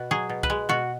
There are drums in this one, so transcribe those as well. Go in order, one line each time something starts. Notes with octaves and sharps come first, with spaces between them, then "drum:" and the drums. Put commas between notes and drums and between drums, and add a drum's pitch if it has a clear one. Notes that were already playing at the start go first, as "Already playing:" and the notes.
Already playing: B2 B4
F#3 G#4
B2
B4, drum: kick C2
G#3
B2 F#4